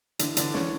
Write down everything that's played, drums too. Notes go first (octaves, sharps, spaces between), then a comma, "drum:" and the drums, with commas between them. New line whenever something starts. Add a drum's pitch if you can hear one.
D3 E3 D4, drum: hi-hat
D3 E3 D4, drum: hi-hat
E3 C#4 C#5, drum: snare